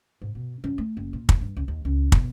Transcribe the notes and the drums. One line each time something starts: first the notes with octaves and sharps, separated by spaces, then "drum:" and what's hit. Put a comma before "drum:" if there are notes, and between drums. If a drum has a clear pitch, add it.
G#2
B2
F#2
A3
F#1
A#2
D#2, drum: kick
G2
C#2
D#2
C#2
B2, drum: kick